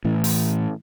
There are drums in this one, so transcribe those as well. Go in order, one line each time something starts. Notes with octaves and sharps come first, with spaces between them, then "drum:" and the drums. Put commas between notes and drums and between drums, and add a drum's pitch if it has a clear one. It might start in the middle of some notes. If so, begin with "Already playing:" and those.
A2 E3
drum: open hi-hat